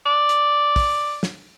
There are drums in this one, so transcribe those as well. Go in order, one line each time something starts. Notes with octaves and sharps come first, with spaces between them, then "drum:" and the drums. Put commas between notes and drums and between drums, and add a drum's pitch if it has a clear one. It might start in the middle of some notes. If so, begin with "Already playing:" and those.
D5
drum: hi-hat
drum: kick, open hi-hat
drum: snare